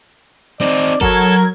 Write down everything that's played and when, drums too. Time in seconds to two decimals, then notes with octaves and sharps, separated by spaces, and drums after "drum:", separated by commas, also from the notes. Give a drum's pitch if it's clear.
0.61 C4 D#4 D5
1.01 F#3 A4 A#4 G#6, drum: kick G1